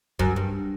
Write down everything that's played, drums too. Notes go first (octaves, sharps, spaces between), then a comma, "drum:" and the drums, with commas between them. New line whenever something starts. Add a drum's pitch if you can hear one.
F#2, drum: kick
G2